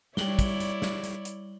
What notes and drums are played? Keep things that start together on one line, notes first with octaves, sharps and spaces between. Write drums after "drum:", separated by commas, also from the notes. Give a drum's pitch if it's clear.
G3 E4 C#5 D5 F#7 G7, drum: snare
drum: kick, hi-hat
drum: hi-hat
drum: snare
drum: hi-hat
drum: hi-hat